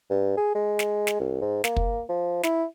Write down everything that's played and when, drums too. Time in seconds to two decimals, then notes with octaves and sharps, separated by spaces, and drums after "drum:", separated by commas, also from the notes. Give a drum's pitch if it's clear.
0.10 G2
0.37 G#4
0.55 G#3
0.79 drum: snare
1.07 drum: snare
1.20 C2
1.41 G#2
1.64 A#3, drum: snare
1.76 drum: kick
2.09 F3
2.43 E4, drum: snare